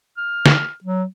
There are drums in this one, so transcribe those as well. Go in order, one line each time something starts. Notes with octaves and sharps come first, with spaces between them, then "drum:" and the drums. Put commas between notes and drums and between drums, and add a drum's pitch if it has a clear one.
F6
drum: snare
F#3